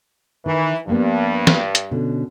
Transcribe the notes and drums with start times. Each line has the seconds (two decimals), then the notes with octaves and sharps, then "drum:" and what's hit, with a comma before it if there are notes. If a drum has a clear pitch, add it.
0.46 D#3 E3
0.87 G2 F3 A#3 B3
1.47 drum: snare
1.75 drum: hi-hat
1.91 B2 D3 C#4